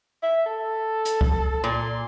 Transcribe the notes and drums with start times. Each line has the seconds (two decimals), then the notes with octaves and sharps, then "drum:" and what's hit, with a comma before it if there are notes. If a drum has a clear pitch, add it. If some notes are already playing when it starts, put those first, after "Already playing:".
0.23 E5
0.46 A4
1.05 drum: hi-hat
1.21 drum: kick C2
1.64 A#2 C6